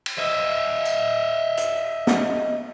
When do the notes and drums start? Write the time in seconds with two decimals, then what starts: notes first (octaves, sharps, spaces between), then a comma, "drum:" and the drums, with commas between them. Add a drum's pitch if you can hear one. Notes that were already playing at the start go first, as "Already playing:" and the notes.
0.06 drum: cymbal
0.18 D#5 E5
0.85 drum: tambourine
1.57 drum: hi-hat
2.07 drum: snare